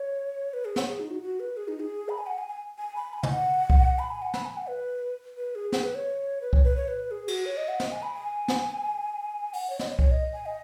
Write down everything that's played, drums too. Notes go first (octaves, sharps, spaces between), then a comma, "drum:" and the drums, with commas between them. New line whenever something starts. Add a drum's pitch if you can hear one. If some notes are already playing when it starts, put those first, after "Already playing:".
Already playing: C#5
B4
G#4
C#5, drum: snare
G#4
D#4
F#4
F#4
B4
G#4
D#4
G#4
B5
G#5
F#5
G#5
G#5
G#5
B5
G#5
D#5, drum: tom
F#5
drum: kick C2
B5
G#5
F#5
B5, drum: snare
G#5
F#5
B4
B4
G#4
G#4, drum: snare
B4
C#5
B4
C#5, drum: kick C2
B4
C#5
B4
G#4
F#4, drum: cymbal
C#5
D#5
F#5
D#5, drum: snare
G#5
B5
G#5
drum: snare
F#5, drum: open hi-hat
C#5
D#5, drum: snare
C#5
C#5, drum: kick C2
D#5
G#5
D#5